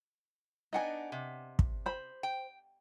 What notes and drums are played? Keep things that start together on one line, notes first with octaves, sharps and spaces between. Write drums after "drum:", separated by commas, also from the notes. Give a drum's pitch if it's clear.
B3 D4 D#4 D#5 F#5 G#5
C3
drum: kick
C5 B5
G5